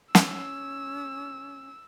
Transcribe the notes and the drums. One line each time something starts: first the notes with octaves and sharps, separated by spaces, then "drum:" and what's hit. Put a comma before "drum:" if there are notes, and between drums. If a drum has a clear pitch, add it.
C#4 E6, drum: snare